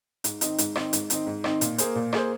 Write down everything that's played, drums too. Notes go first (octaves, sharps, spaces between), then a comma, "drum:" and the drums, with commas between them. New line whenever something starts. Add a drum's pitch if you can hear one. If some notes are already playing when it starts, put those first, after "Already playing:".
G#2, drum: hi-hat
D#3 C4 D#4, drum: hi-hat
G#2, drum: hi-hat
D#3 C4 D#4, drum: rim click
G#2, drum: hi-hat
D#3 C4 D#4, drum: hi-hat
G#2
D#3 C4 D#4, drum: rim click
A#2, drum: hi-hat
A#3 G#4 C5, drum: hi-hat
A#2
A#3 G#4 C5, drum: rim click